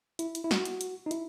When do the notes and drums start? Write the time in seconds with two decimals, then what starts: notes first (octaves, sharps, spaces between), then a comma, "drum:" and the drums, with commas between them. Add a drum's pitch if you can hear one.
0.19 E4, drum: hi-hat
0.35 drum: hi-hat
0.44 E4
0.51 F#4, drum: snare
0.65 drum: hi-hat
0.81 drum: hi-hat
1.06 D#4
1.11 E4, drum: hi-hat